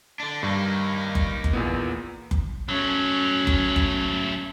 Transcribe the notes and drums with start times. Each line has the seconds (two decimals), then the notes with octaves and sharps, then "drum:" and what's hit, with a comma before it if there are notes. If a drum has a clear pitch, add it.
0.20 D3 D4
0.43 G2 A#3 D#4
1.15 drum: kick F#1
1.44 drum: kick F#1
1.53 E2 A#2 B3
2.31 drum: kick F#1
2.69 F#3 A3 C#4
3.47 drum: kick F#1
3.76 drum: kick F#1